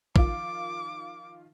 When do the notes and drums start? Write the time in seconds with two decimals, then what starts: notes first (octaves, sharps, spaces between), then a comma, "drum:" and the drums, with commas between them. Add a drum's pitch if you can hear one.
0.16 D#3 F3 F4 D6, drum: kick